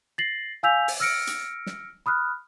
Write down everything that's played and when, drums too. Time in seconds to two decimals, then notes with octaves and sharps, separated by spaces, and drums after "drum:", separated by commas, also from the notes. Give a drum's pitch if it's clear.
0.18 A6 A#6 C7 F#7
0.63 F5 G#5 E6 G6 B6 F7
0.88 drum: open hi-hat
1.00 E6 F6 A#6 C#7 D7
1.27 drum: hi-hat
1.66 drum: snare
2.06 B5 D#6 F6 F#6